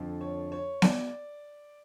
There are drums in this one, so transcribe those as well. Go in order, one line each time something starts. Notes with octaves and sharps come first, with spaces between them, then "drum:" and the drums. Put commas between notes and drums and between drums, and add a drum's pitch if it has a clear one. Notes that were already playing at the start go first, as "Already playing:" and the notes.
Already playing: F2 D3 F3
C#5
C#5
D5, drum: snare B3